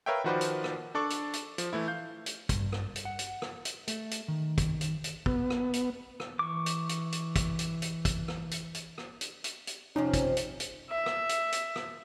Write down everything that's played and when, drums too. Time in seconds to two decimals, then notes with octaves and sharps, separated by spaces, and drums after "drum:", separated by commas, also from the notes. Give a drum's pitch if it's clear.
0.06 A#4 B4 C#5 E5 F5 G5
0.24 D#3 F3 F#4 B4 C5 D5
0.41 drum: hi-hat
0.64 drum: rim click
0.95 D4 A4 D5 C#6
1.10 drum: hi-hat
1.33 drum: hi-hat
1.58 F3, drum: hi-hat
1.73 E3 A3 E4
1.88 F5 G6
2.26 drum: hi-hat
2.49 G2, drum: kick, hi-hat
2.72 drum: rim click
2.96 drum: hi-hat
3.05 F#5
3.19 drum: hi-hat
3.42 drum: rim click
3.65 drum: hi-hat
3.88 A3, drum: hi-hat
4.11 drum: hi-hat
4.28 D#3
4.58 drum: kick, hi-hat
4.81 drum: hi-hat
5.04 drum: hi-hat
5.26 B3, drum: kick
5.50 drum: rim click
5.73 drum: hi-hat
6.20 drum: rim click
6.39 E3 C#6 D6
6.66 drum: hi-hat
6.89 drum: hi-hat
7.12 drum: hi-hat
7.36 drum: kick, hi-hat
7.59 drum: hi-hat
7.82 drum: hi-hat
8.05 drum: kick, hi-hat
8.28 drum: rim click
8.51 drum: hi-hat
8.75 drum: hi-hat
8.98 drum: rim click
9.21 drum: hi-hat
9.44 drum: hi-hat
9.67 drum: hi-hat
9.96 F2 C3 F3 C#4 D#4
10.14 drum: kick, hi-hat
10.37 drum: hi-hat
10.60 drum: hi-hat
10.90 E5
11.06 drum: rim click
11.29 drum: hi-hat
11.52 drum: hi-hat
11.76 drum: rim click